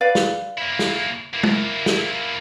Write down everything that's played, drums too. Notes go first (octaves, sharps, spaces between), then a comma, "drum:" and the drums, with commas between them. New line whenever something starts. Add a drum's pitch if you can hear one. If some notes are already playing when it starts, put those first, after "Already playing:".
B4 D5 F5
drum: snare
A#3 E4
drum: snare
A#3 E4
drum: tom
drum: snare